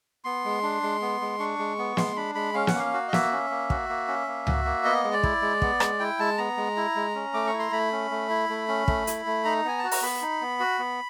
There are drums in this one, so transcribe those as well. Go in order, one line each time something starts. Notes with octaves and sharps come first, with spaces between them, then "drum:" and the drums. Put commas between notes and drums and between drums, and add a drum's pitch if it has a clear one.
B3 C6
G#3
D4
G#3
B3
G#3
D4 C#6
G#3
B3
G#3 C6, drum: snare
D4 B5
G#3 B5
C#4 F5
F#5, drum: snare
A#3
F5
F#4
D#5
A#3 E5, drum: snare
C#4
A#3
F#4, drum: kick
A#3
C#4
A#3
F#4, drum: tom C#2
A#3
B3 D#5
G#3
D5
E4, drum: kick
G#3
B3, drum: kick
G#3, drum: rim click
E4 G5
G#3 A5
B3 A#5
G#3
E4
G#3
C#4
A3 D6
C#6
E4
C6
A3 B5
C#4
A3
E4
A3
C#4
A3, drum: kick
E4, drum: hi-hat
A3
D#4 A#5
B3 G#5
A5
F#4
A#5, drum: open hi-hat
B3 B5
D#4
B3
F#4
B3